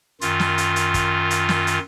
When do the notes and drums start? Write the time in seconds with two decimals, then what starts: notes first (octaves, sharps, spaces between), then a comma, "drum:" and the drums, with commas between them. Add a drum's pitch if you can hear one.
0.21 F#2 D#3 F4, drum: hi-hat
0.40 drum: snare
0.58 drum: hi-hat
0.76 drum: hi-hat
0.94 drum: kick, hi-hat
1.30 drum: hi-hat
1.49 drum: snare
1.67 drum: hi-hat